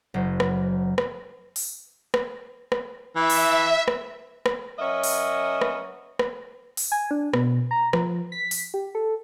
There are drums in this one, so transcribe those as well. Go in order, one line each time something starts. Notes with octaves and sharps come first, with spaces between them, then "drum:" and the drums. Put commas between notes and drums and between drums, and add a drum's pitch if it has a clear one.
F#1 F#3 C5
drum: rim click
drum: rim click
drum: open hi-hat
drum: rim click
drum: rim click
E3 E5
drum: open hi-hat
drum: rim click
drum: rim click
F#3 C#4 A#4 C#5 D#5 E5
drum: open hi-hat
drum: rim click
drum: rim click
drum: open hi-hat
G#5
D4
B2, drum: rim click
A#5
F3, drum: rim click
B6
drum: open hi-hat
G4
A4